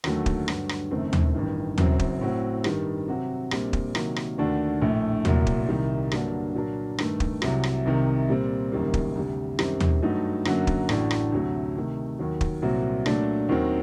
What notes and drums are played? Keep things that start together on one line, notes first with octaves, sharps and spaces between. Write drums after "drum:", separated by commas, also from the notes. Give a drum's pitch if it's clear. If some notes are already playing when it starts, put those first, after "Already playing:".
D#2 D3 F#3 A3, drum: rim click
drum: kick
G2 D3 F#3, drum: rim click
drum: rim click
F#1 F#2 D#3 A3 C4
drum: tom D#2
A1 G2 D#3
F#1 F#2 F#3 C4, drum: tom D#2
drum: kick
A2 F#3 C4
G2 D#3 G3, drum: rim click
C3 F#3 C4 F#4
A#1 A#2 G3 C4, drum: rim click
drum: kick
C3 D#3 F#3 A#3, drum: rim click
drum: rim click
D#2 D3 A3 D4 F#4
A#1 A2 A3
C2 A#2 F#3, drum: tom D#2
drum: kick
C2 C3 D#3 G3
G2 D3 F#3 A#3 D4, drum: rim click
A#2 F#3 A#3 D4 F#4
G2 D#3 A3, drum: rim click
drum: kick
C2 C3 F#3, drum: rim click
drum: rim click
C2 C3 D#3
A#2 G3 C4
F#1 F#2 D#3 G3 A#3
drum: kick
D2 C3 G3
F#2 D#3 G3 C4 G4, drum: rim click
drum: tom D#2
G2 F#3 A3 D#4
F#2 D3 F#3 A#3, drum: rim click
drum: kick
A1 A2 A3 D4 F#4, drum: rim click
drum: rim click
D2 C3 F#3 A3
C3 D#3 A3
D#2 D#3 F#3
drum: kick
C2 A#2 F#3 C4 F#4
A#2 F#3 A3 D4, drum: rim click
D#2 D#3 F#3 C4